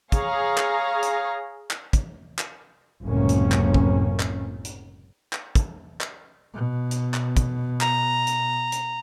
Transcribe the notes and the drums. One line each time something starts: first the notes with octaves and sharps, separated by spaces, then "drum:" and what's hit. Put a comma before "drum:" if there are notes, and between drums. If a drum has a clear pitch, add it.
G#4 C#5 F5 A#5, drum: kick, hi-hat
drum: clap
drum: hi-hat
drum: clap
drum: kick, hi-hat
drum: clap
F#1 C#2 A2 C3 A#3 C#4
drum: hi-hat
drum: clap
drum: kick
drum: clap
drum: hi-hat
drum: clap
drum: kick, hi-hat
drum: clap
B2
drum: hi-hat
drum: clap
drum: kick, hi-hat
A#5, drum: clap
drum: hi-hat
drum: hi-hat